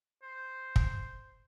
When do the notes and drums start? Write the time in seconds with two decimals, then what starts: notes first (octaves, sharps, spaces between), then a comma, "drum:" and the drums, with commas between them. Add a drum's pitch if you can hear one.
0.23 C5
0.76 drum: kick